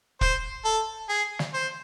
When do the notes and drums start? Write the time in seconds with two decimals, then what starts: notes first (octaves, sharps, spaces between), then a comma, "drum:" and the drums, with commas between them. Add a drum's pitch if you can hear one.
0.21 C5, drum: kick
0.65 A4
1.09 G#4
1.39 drum: snare
1.54 C5